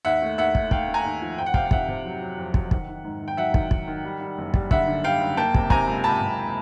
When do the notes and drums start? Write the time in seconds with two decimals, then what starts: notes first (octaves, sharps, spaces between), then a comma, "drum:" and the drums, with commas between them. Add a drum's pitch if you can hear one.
0.05 D#2 E5 F#5
0.22 A3
0.38 D#2 E5 F#5
0.55 A3, drum: kick
0.71 A3 F5 G5, drum: kick
0.88 A3
0.94 G#5 A#5
1.04 D#2
1.22 F3
1.38 F2 G5
1.46 F#5
1.54 C3 F5 G5, drum: kick
1.66 F5
1.71 C3 E5 F#5, drum: kick
1.88 C3
2.05 F#3
2.22 F#3
2.38 F2
2.54 F2, drum: kick
2.71 D#3, drum: kick
2.88 D#3
3.04 G#2
3.21 D#3
3.28 G5
3.37 F#3 E5 F#5
3.54 D#3, drum: kick
3.71 D#3, drum: kick
3.87 D#3
4.05 G3
4.21 G3
4.38 F#1
4.54 G3, drum: kick
4.71 D3 E5 F#5, drum: kick
4.87 D3
5.04 G3 F5 G5
5.20 F#1
5.37 A#3 G5 A5
5.54 C3, drum: kick
5.70 C3 G#5 A#5, drum: kick
5.87 C#2
6.04 C#2 A5 B5
6.21 C3